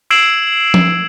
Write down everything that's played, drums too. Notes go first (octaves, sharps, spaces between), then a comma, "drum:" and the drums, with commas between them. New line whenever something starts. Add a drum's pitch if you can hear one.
E6 G#6 C7 D7 E7 F#7
drum: tom F3